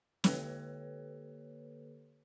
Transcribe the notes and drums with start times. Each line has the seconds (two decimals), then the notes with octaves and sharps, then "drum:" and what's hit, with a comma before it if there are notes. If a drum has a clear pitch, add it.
0.24 D3 A#3 G4 A4 B4 C#5, drum: snare